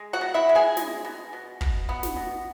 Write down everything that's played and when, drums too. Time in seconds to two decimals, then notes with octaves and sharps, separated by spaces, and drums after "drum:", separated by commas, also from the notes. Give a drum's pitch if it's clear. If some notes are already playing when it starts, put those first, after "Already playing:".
Already playing: G#3
0.13 F#4 F#5
0.21 B2
0.34 E4 E5
0.49 G#3
0.55 G#4 G#5
0.77 G#3, drum: snare
1.05 B2
1.33 B2
1.61 B2, drum: kick
1.89 B3
2.03 drum: snare
2.17 B2